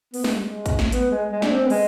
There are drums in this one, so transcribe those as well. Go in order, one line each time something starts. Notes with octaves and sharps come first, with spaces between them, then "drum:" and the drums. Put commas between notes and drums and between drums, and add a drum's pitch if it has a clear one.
B3, drum: open hi-hat
G#3, drum: snare
G3
G#3
drum: kick, hi-hat
drum: snare
B3, drum: hi-hat
G#3
G#3
D4, drum: snare
C4
B3
G#3, drum: open hi-hat